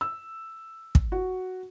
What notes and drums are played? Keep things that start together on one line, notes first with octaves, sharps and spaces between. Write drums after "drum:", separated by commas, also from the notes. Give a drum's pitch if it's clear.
E6
drum: kick
F#4